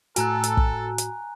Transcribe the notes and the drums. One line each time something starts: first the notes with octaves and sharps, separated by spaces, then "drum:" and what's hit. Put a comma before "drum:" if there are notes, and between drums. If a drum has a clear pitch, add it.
A2 F#4 A4 G#5 A#5 F#6, drum: hi-hat
drum: hi-hat
drum: kick
drum: hi-hat